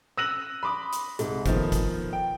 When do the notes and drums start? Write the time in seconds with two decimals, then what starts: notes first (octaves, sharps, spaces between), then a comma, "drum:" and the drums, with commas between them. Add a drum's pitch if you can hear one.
0.18 E6 F#6 A#6 D#7 F#7
0.63 B5 C6 D6 D#6
0.93 drum: hi-hat
1.19 C2 G#2, drum: hi-hat
1.46 A2 D#3 F3 B3, drum: kick F#1, hi-hat
1.72 drum: kick F#1, hi-hat
2.13 G5